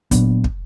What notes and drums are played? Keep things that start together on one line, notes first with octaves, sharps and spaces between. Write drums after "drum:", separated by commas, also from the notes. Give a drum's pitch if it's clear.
A#2 F#3 B3 D4, drum: kick, hi-hat
drum: kick